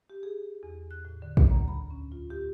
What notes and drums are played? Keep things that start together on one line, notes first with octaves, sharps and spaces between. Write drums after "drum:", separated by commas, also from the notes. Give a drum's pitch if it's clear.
G4
G#4
E2
F#6
A2
D3
D2, drum: kick
A#5
B5
C#4
F4
G4